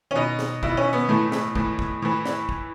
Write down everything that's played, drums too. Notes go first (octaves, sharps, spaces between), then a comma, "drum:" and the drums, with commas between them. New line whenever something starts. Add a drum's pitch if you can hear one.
C#4
B2 D#4
drum: snare
B2 E4, drum: kick
C#4
B3
A2 E3 A3
drum: snare
A2 E3, drum: kick
drum: kick
A2 E3
drum: snare
drum: kick